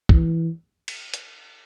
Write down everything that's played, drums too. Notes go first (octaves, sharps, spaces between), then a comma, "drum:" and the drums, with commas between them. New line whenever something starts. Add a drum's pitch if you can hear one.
E3, drum: kick
drum: cymbal
drum: hi-hat